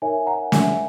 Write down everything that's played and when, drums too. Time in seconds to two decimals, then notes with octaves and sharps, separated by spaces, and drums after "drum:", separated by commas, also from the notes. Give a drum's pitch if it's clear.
0.02 D#4 A#4 C#5 E5 G#5
0.27 F#5 A#5
0.52 E5 G#5, drum: snare